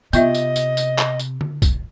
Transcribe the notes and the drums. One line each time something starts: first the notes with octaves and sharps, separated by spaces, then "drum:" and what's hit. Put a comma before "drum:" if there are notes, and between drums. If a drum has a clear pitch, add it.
C3 B3 F4 D#5 E5, drum: tambourine
drum: tambourine
drum: tambourine
drum: tambourine
drum: clap
drum: tambourine
drum: tom D3
drum: kick B1, tambourine